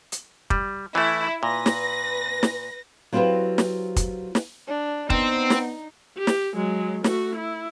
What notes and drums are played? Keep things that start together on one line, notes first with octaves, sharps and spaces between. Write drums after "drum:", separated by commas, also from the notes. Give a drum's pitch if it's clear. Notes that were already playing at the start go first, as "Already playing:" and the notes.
drum: hi-hat
G3, drum: kick
E3 A3 E4
A#2 B4 A#6
drum: snare
drum: snare
F#3 C4 E4 F4 G4 B4
drum: snare
drum: kick, hi-hat
drum: snare
D4
B3 C4 D#4, drum: kick
drum: snare
G4
drum: snare
F#3 G#3
A3 F#4, drum: snare
E4